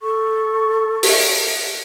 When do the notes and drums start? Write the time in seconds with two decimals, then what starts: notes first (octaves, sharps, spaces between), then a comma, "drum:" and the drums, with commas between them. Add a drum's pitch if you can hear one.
0.01 A4 C#6
1.03 drum: open hi-hat